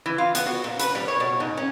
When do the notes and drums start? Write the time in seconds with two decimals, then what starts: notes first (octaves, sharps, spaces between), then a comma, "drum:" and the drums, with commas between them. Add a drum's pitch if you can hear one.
0.06 E3
0.18 F4
0.35 B3, drum: hi-hat
0.47 F#4
0.64 A#2
0.79 B4, drum: hi-hat
0.95 G3
1.08 C#5
1.20 B2
1.40 G#2
1.57 C#4